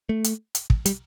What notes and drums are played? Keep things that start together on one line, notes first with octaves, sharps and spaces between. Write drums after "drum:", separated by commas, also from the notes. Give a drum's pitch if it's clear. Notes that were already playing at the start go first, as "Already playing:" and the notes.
A3
drum: hi-hat
drum: hi-hat
drum: kick
G3, drum: hi-hat